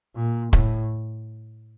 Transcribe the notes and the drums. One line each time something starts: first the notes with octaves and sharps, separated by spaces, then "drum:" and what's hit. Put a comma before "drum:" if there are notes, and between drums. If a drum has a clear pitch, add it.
A#2
A2, drum: kick